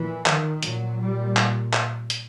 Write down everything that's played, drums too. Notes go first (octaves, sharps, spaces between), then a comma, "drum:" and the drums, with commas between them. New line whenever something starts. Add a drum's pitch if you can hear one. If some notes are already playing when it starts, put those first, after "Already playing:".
Already playing: A#2 E3
D#3, drum: clap
A#2 F#3, drum: hi-hat
G3
drum: clap
drum: clap
drum: hi-hat